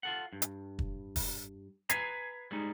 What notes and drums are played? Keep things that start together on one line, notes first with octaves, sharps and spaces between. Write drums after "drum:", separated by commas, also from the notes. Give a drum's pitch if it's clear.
F4 A4 F#5
G2
drum: hi-hat
drum: kick
drum: kick, open hi-hat
B4 G#5 A#5 G#6 B6 C7, drum: hi-hat
G3 G#3 D#4